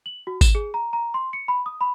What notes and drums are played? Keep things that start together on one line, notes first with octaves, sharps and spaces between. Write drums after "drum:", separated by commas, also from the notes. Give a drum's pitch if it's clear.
F#7
F#4
E7, drum: kick G#1, tambourine
G#4
A#5
A#5
C6
C#7
B5
D#6
B5